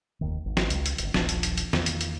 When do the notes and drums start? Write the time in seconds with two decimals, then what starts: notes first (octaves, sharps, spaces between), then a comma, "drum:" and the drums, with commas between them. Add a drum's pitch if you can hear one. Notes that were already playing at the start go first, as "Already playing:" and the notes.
0.21 F1 D#2 D#3
0.45 G#1
0.57 drum: snare
0.70 C#2, drum: hi-hat
0.86 drum: hi-hat
0.98 D1 G1, drum: hi-hat
1.14 D#1 A#1 F3 D4, drum: snare
1.29 drum: hi-hat
1.43 drum: hi-hat
1.58 drum: hi-hat
1.73 E2 D#3 A#3, drum: snare
1.86 drum: hi-hat
2.01 drum: hi-hat